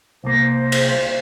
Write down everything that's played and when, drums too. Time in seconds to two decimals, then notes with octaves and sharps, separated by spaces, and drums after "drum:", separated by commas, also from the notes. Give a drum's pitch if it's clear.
0.24 C2 A#3 C5
0.72 drum: cymbal